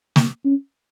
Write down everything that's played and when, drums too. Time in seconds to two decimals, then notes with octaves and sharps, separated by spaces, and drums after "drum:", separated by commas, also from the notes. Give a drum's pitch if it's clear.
0.16 A#3, drum: snare
0.45 C#4